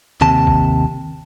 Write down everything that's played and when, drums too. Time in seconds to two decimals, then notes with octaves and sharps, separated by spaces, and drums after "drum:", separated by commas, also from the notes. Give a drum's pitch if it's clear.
0.21 D#2 C3 A5
0.47 drum: kick G#1